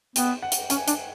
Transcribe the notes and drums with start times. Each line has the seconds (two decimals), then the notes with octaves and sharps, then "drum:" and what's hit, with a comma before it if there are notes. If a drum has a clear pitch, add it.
0.16 B3 G5, drum: hi-hat
0.42 F#5
0.52 drum: hi-hat
0.70 C#4 G#5, drum: hi-hat
0.88 D4, drum: hi-hat